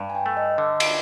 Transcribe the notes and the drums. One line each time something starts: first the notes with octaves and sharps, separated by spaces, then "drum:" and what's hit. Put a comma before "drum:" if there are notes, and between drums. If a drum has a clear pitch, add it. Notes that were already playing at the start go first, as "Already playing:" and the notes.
Already playing: G2
G#5
G5
A3
D#5
D3
drum: cymbal